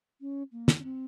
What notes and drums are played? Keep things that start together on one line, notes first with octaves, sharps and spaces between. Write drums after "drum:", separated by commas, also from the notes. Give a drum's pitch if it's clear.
C#4
A#3
drum: snare
C#4
C4